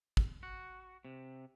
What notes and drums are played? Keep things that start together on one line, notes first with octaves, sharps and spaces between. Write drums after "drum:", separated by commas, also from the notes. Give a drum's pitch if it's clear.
drum: kick
F#4
C3